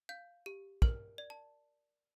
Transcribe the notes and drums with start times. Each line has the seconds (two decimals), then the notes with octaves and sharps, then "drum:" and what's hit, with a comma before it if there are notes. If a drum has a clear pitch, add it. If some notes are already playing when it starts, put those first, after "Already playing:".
0.09 F5 G6
0.46 G4
0.82 A#4 F6, drum: kick
1.18 D5
1.30 A5